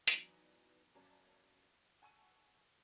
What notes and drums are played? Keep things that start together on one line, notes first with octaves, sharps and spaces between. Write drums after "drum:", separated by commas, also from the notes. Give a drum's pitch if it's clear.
E3 F#3 B3 D4 D#4, drum: open hi-hat
G1 F#3 A#3 C#4 D5 A5
F#5 G#5 A5 C#6 E6 D#7